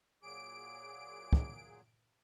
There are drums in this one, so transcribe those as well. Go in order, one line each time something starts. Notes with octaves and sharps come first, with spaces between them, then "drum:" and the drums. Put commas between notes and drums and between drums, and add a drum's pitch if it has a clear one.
A#2 F#3 G#4 D6 D7
drum: kick